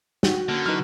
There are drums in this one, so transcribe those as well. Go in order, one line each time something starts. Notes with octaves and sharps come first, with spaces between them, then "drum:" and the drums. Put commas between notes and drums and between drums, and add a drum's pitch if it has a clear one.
F#4 G5, drum: snare
D3 A#3 C#4
F#3 D#4 E4 B4 F6